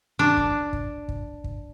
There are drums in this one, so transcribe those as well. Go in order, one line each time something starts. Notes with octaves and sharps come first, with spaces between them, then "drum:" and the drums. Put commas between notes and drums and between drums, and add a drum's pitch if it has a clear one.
D4
drum: kick
drum: kick
drum: kick
drum: kick